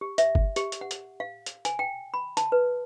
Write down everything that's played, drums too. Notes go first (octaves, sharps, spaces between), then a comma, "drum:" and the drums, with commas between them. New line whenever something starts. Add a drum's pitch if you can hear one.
G4
E5, drum: hi-hat
drum: kick G1
G4, drum: hi-hat
drum: hi-hat
F#5
drum: hi-hat
F5
drum: hi-hat
G#5, drum: hi-hat
G5
B5
A5, drum: hi-hat
B4